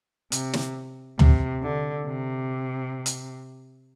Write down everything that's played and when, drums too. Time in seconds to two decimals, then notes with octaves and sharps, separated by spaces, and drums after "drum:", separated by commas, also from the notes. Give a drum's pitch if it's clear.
0.32 C3, drum: hi-hat
0.53 drum: snare
1.19 C3, drum: tom
1.63 D3
2.07 C3
3.06 drum: hi-hat